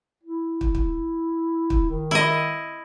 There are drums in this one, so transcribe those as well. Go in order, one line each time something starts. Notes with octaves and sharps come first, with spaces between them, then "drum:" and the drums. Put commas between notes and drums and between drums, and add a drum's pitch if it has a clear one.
E4
drum: kick
drum: kick
drum: kick
D#3
E4 D#5